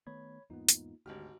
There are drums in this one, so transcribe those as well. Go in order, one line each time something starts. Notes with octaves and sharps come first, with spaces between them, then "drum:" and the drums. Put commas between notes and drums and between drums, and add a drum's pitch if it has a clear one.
D#3 A3 B3 C#5 B5 G#6
E2 G#2 A#3 B3 D#4 F4
drum: hi-hat
G#1 D2 D3 F#4 G4 F6